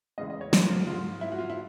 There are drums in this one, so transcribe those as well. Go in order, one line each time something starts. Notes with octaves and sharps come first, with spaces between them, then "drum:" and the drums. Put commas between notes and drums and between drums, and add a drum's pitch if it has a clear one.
E2 C#3 E3 G#3 D#5
D#5
C#5
C5, drum: snare
C5
F4
F#4
G#2 F3 G#3 F4
E4
F#4
F4
E4